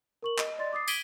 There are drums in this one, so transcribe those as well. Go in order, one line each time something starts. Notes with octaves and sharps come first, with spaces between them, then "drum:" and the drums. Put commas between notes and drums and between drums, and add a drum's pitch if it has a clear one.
A#4 C#6 F#7
D#5, drum: clap
D5 D#5 C6 A6
D6 D#6 A6 C7
G#6 B6 D7 D#7 F#7 G7, drum: tambourine